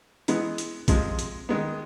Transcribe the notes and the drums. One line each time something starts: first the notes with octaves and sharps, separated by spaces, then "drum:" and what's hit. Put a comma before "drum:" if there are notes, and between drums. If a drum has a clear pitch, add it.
E3 G#3 B3, drum: hi-hat
drum: hi-hat
C3 F3 G#3, drum: kick, hi-hat
drum: hi-hat
D#3 G#3 B3